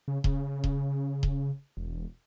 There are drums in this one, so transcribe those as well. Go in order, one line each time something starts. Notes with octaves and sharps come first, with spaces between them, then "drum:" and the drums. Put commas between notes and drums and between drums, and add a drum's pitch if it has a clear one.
C#3
C#3, drum: kick D#1
drum: kick D#1
drum: kick D#1
E1